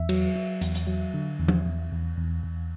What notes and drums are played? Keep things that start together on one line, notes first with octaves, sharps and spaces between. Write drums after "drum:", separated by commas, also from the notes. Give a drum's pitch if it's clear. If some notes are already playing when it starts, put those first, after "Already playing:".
Already playing: E2 E5
F#3, drum: cymbal
F#3
E2, drum: hi-hat
drum: hi-hat
F#3
D3
E2
drum: tom F3
E2
E2
E2
E2